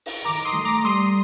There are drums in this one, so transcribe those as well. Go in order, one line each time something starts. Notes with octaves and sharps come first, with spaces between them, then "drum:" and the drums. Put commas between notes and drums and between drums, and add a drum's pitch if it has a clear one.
drum: open hi-hat
D#3 A#5 D6
C6 D#6
A3
A#5 D6
G3 C6 D#6